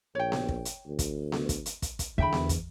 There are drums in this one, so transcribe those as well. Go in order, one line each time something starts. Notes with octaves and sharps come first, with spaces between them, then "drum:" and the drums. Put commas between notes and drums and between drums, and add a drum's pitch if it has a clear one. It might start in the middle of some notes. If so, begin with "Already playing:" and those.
A#1 C#5 G5
drum: snare B3
drum: kick
drum: hi-hat
D2
drum: kick, hi-hat
drum: snare B3
drum: kick, hi-hat
drum: hi-hat
drum: kick, hi-hat
drum: kick, hi-hat
E2 D3 E5 G5 B5
drum: snare B3
drum: kick, hi-hat